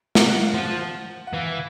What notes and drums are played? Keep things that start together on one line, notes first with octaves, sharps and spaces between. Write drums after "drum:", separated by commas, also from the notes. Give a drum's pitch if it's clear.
F#5, drum: snare
F#5
F5
F3 F#5
F#5
E3 F5